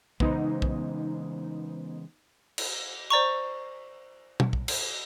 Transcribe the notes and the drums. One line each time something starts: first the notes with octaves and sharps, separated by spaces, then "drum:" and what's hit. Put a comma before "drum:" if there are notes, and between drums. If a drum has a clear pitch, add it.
C#3 E3 G#3 B3 D#4 C5, drum: kick
drum: kick
drum: cymbal
C5 D5 A#5 C#6
drum: tom
drum: kick
drum: cymbal